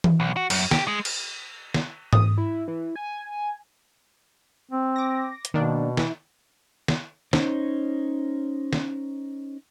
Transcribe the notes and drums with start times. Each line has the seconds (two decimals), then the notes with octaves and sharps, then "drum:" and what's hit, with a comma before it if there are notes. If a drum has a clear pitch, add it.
0.04 drum: tom E3
0.20 B1
0.37 F#4
0.50 F#2, drum: cymbal
0.71 G4, drum: snare
0.88 G#3
1.05 drum: cymbal
1.74 drum: snare
2.13 D#6, drum: tom G#2
2.38 E4
2.68 E3
2.96 G#5
4.71 C4
4.96 D6 A#6
5.45 drum: hi-hat
5.54 B2 D#3 A#3 D4
5.97 E3, drum: snare
6.88 drum: snare
7.33 C#4 D#4 C5 C#5, drum: snare
8.73 drum: snare